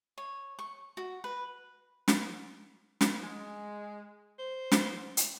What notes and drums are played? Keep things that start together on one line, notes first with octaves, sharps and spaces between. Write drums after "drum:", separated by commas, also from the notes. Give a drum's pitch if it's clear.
C#5
C#6
F#4
B4
drum: snare
drum: snare
G#3
C5
drum: snare
drum: hi-hat